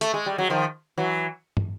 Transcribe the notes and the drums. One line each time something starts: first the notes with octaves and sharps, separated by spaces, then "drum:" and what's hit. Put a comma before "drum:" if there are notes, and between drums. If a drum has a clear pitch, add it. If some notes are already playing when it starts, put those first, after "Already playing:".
A3, drum: hi-hat
G#3
G3
F#3
D#3 F3
E3 F#3
drum: tom